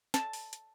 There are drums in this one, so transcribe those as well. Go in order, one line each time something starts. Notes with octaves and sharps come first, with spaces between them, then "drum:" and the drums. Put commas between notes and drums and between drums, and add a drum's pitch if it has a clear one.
A5, drum: snare
drum: open hi-hat
drum: hi-hat